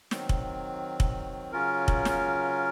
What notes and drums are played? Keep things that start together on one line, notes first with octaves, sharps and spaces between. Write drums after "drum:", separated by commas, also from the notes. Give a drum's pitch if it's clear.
D#3 F#3 C4, drum: snare
drum: kick
drum: kick
C#3 F#3 C#4 F4 A#4
drum: kick
drum: snare